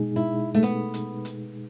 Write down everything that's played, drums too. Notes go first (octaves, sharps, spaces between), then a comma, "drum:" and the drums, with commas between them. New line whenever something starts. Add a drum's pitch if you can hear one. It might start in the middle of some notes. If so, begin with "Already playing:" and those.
Already playing: B2 G#3 D#4 G#4
E4
A3
B3, drum: hi-hat
drum: hi-hat
drum: hi-hat